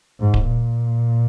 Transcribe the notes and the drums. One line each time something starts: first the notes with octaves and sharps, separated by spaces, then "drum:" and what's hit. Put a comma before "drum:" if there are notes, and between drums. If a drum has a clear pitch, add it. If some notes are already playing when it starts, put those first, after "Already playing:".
G#2
drum: kick D1
A#2